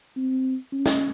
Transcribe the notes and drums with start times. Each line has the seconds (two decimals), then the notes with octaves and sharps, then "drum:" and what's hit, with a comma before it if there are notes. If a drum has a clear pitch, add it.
0.16 C4
0.72 C#4
0.86 drum: snare